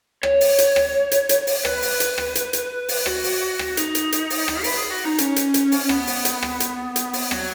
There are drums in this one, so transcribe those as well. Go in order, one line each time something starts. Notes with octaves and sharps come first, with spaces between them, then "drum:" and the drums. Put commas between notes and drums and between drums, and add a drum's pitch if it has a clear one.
C#5, drum: rim click
drum: open hi-hat
drum: hi-hat
drum: rim click
drum: hi-hat
drum: hi-hat
drum: open hi-hat
B4, drum: rim click
drum: open hi-hat
drum: hi-hat
drum: rim click
drum: hi-hat
drum: hi-hat
drum: open hi-hat
F#4, drum: rim click
drum: open hi-hat
drum: rim click
D#4, drum: hi-hat
drum: hi-hat
drum: hi-hat
drum: open hi-hat
drum: rim click
B4, drum: open hi-hat
G#4
F#4
D#4
C#4, drum: hi-hat
drum: hi-hat
drum: hi-hat
drum: open hi-hat
B3, drum: rim click
drum: open hi-hat
drum: hi-hat
drum: rim click
drum: hi-hat
drum: hi-hat
drum: open hi-hat
F#3, drum: rim click